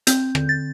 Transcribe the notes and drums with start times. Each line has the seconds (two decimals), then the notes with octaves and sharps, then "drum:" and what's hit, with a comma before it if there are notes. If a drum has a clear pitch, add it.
0.07 C4 G6, drum: hi-hat
0.35 D3, drum: rim click
0.49 A6